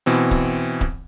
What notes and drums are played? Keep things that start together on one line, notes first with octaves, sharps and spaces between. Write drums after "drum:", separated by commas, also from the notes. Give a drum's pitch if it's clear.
B2 E3 C4
drum: kick C#1
drum: kick C#1